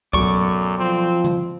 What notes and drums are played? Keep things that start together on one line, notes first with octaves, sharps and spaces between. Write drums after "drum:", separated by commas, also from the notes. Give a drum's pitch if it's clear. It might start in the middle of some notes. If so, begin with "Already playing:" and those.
F#2 B2 F#3 A3 D5 C#6, drum: kick C#2
F3 C4
drum: tom C#3